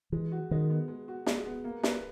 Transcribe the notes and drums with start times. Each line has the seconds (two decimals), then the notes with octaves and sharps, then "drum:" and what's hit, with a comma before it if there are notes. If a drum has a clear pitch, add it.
0.12 E3 G#3
0.32 F#4
0.51 D#3 G#3
0.70 B3
0.88 G#3
1.08 F#4
1.26 G#3, drum: snare
1.46 B3
1.64 A#3
1.83 B4, drum: snare